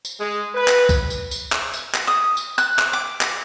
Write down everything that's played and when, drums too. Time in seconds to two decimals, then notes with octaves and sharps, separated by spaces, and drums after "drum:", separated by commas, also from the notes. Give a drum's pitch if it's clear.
0.05 drum: tambourine
0.20 G#3
0.55 B4
0.68 drum: clap
0.89 drum: kick C2, tambourine
1.10 drum: tambourine
1.31 drum: tambourine
1.52 drum: clap
1.74 drum: tambourine
1.95 drum: clap
2.07 D#6
2.37 drum: tambourine
2.58 F#6, drum: tambourine
2.79 drum: clap
2.93 D6
3.21 drum: clap